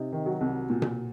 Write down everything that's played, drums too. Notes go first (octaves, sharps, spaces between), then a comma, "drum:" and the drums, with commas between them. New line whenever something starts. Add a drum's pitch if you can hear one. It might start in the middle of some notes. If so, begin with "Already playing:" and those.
Already playing: C3 D#4
D#3
F#3 F#4
C2
A#2
drum: tom B2